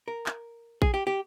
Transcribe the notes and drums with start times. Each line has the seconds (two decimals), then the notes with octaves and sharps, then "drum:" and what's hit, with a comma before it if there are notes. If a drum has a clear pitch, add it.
0.08 A#4
0.26 drum: clap
0.82 G#4, drum: kick A#1
0.94 G4
1.07 G4